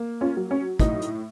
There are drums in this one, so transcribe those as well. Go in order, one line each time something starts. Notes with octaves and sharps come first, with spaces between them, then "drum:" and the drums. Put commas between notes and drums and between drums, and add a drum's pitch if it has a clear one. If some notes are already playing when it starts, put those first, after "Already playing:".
Already playing: A#3
C#4 F4
F#3
C#4
A2 D#4, drum: kick, hi-hat
drum: hi-hat